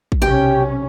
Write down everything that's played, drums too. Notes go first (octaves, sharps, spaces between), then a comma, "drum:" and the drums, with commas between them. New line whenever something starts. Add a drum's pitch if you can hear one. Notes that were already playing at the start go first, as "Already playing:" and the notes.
drum: kick
B1 C3 C#4 G4 G5